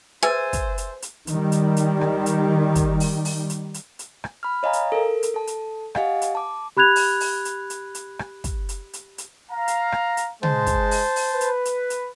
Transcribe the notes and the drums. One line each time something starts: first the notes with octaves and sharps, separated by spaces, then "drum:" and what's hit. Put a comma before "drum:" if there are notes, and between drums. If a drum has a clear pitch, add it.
G#4 B4 C5 E5 G#5 E6 A6
drum: kick, hi-hat
drum: hi-hat
drum: hi-hat
D#3 G3, drum: hi-hat
drum: hi-hat
drum: hi-hat
drum: rim click
drum: hi-hat
drum: kick, hi-hat
drum: open hi-hat
drum: open hi-hat
drum: hi-hat
drum: hi-hat
drum: hi-hat
drum: rim click
B5 F6
C#5 D#5 F5 G#5 A#5
drum: hi-hat
A4 A#4
drum: hi-hat
A4 A5
drum: hi-hat
G4 D#5 F5 F#5 G#5, drum: rim click
drum: hi-hat
A5 D6
G4 B5 F#6 G#6 F7
drum: open hi-hat
drum: open hi-hat
drum: hi-hat
drum: hi-hat
drum: hi-hat
drum: rim click
drum: kick, hi-hat
drum: hi-hat
drum: hi-hat
drum: hi-hat
F5 A#5
drum: hi-hat
drum: rim click
drum: hi-hat
G#3 C5 A5, drum: tom
drum: kick, hi-hat
drum: open hi-hat
drum: open hi-hat
B4
drum: hi-hat
drum: hi-hat
drum: hi-hat